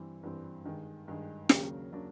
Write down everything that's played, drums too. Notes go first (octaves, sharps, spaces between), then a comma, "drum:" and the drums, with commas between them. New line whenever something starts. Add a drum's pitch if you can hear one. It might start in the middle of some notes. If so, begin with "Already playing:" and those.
Already playing: G2 E3 G3 C4
G2 E3 G3 C4
G2 D#3 G#3
G2 D#3 G#3
D#2 C#3 F#3 A#3 D4, drum: snare
C#3 F#3 A#3 D4